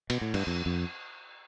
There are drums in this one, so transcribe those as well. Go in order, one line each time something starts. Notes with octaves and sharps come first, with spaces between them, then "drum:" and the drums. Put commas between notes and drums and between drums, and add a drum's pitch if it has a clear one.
B2, drum: cymbal
A2
G2, drum: cymbal
F2
F2